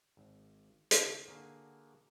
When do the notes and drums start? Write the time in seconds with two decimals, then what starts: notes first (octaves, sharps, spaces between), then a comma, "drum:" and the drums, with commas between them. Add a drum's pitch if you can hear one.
0.17 G#1
0.91 D#2 C#3, drum: hi-hat
1.27 D3 A#3 F#4 G#4